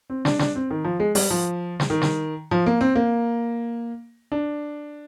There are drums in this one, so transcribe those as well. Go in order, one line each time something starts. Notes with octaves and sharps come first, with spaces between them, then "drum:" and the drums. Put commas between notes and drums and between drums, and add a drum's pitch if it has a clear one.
C4
D4, drum: snare
D4, drum: snare
C4
D#3
F3
G#3
G3, drum: open hi-hat
F3
drum: snare
D#3
drum: snare
F3
A#3
C4
A#3
D4